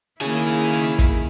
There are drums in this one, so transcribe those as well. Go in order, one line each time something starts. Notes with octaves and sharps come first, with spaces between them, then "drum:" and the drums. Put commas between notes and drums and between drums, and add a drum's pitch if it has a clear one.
D#3 A#3 C#4 E4 G#4
drum: hi-hat
drum: kick, hi-hat